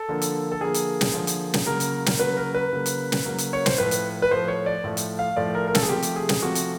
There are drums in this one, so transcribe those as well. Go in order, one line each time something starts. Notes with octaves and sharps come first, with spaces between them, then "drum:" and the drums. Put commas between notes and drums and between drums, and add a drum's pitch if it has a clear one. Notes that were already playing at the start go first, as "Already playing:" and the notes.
Already playing: A4
D3 F3 A#3
drum: hi-hat
A4
D3 F3 A#3 G#4
drum: hi-hat
drum: snare
D3 F3 A#3
drum: hi-hat
drum: snare
C#3 F#3 A#3 A#4
drum: hi-hat
drum: snare
C#3 F#3 A#3 B4
A#4
B4
C#3 F#3 A#3
drum: hi-hat
drum: snare
C#3 F#3 A#3
drum: hi-hat
C#5
C5, drum: snare
A2 F3 A3 B4
drum: hi-hat
B4
A2 F3 A3 C5
C#5
D5
A2 F3 A3
drum: hi-hat
F5
A2 F3 A3 D5
A#4
A#4
A4, drum: snare
G#4
C3 F3 A3 G4
drum: hi-hat
G#4
drum: snare
C3 F3 A3 F#4
drum: hi-hat